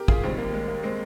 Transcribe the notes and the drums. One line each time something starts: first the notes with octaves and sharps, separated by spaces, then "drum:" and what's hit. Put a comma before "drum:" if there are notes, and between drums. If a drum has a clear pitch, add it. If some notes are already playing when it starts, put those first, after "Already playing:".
Already playing: G4 A#4
F4 G#4, drum: kick
D#2 D#3 G3 G#3 C4
A#3
G#3
A#3
G#3 C4